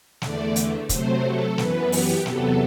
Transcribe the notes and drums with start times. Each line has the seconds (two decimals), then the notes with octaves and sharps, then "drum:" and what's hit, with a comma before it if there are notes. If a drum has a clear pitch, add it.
0.22 E2 D3 A3 D5, drum: snare
0.56 drum: hi-hat
0.89 C3 F#3 A3 C5, drum: kick, hi-hat
1.24 A4
1.58 F#2 E3 B3 B4, drum: snare
1.92 G4, drum: open hi-hat
2.26 E2 C3 F#3 B3 A4, drum: snare